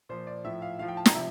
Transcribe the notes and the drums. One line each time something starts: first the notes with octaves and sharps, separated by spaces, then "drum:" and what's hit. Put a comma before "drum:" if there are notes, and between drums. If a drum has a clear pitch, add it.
A#2 F3 C5
D5
A2 F3 E5
F5
A2 F3 F5
G5
A5
A#5, drum: snare
C3 F3 E5